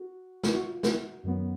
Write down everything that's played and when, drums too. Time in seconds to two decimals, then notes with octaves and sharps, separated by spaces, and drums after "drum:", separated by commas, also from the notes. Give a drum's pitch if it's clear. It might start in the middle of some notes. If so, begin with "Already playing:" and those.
Already playing: F#4
0.43 F4, drum: snare
0.55 F#4
0.66 F4
0.83 F#4, drum: snare
1.24 F#2 D#3 F#3 B3